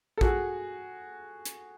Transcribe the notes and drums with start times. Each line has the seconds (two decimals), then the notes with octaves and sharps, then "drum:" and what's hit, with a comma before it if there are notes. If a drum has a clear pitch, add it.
0.17 A4
0.21 F#4 G#4, drum: kick
1.46 drum: hi-hat